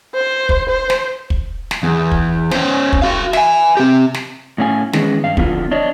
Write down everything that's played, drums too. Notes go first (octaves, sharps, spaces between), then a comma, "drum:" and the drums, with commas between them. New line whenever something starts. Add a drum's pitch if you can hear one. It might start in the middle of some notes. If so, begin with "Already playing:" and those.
C5
drum: kick
C5
drum: snare
drum: kick
drum: snare
E2
drum: kick
C#4 C5, drum: snare
drum: kick
F#4 F5
E5 G#5, drum: snare
C4 G4
drum: snare
A2 B3 C#4 E4 F5 G#5
D#3 E3 G#3 B3 C#4, drum: snare
G2 F5
D3 F3 B3 D4 E4 F4, drum: kick
D4 C#5 D#5